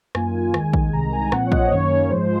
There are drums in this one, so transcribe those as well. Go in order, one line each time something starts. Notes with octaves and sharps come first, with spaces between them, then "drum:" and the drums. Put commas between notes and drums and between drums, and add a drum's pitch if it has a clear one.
F#2 D#3 A#3 F4 G#5, drum: rim click
D#2 D#3 G#3, drum: rim click
drum: kick
C2 C3 D#3 G#3 A#5
G#5
G#5
A#2 F3 C4 F#5, drum: rim click
C#5
D#5, drum: kick
F#2 D#3 A#3 C#4 C#5
G#2 F3 G#3 C5